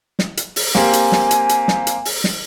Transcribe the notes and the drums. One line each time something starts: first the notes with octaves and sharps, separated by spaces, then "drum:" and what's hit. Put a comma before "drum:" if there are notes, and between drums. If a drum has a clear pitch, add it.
drum: snare
drum: hi-hat
drum: open hi-hat
A#3 C4 G4 G#5, drum: snare
drum: hi-hat
drum: snare
drum: hi-hat
drum: hi-hat
drum: snare
drum: hi-hat
drum: open hi-hat
drum: snare